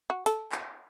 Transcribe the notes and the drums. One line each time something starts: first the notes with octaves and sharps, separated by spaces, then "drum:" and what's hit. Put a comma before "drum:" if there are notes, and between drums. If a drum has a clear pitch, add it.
F#4
A4, drum: hi-hat
drum: clap